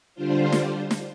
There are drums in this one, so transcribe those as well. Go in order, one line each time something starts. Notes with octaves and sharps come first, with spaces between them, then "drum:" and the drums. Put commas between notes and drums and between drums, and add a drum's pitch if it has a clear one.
D3 G3 D4 F4 C5
drum: snare
drum: snare